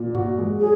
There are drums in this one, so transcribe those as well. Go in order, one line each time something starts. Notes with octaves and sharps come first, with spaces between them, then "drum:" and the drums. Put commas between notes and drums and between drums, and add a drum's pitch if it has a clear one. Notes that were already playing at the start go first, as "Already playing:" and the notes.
Already playing: A#2
F#4, drum: tom G2
G#3
F#3 G#4